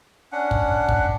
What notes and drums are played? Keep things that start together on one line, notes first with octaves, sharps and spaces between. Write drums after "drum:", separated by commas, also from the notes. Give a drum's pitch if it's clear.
C#4 D4 F#5
drum: kick
drum: kick